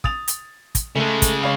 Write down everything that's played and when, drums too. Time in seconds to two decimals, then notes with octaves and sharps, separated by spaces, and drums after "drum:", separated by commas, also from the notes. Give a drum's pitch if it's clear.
0.04 D#6 A6 F7, drum: kick
0.28 drum: hi-hat
0.75 drum: kick, hi-hat
0.96 C#3 G#3 A3 A4
1.22 drum: kick, hi-hat
1.41 C#5 F5 B5